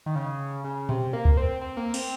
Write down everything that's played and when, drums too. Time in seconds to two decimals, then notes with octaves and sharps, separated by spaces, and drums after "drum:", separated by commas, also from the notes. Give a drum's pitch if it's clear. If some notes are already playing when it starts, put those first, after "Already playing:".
0.06 D#3
0.15 C#3
0.64 C#3
0.89 C3, drum: tom A#2
1.13 A#3
1.25 drum: kick C#2
1.37 C4
1.61 C4
1.77 A#3
1.94 C4, drum: cymbal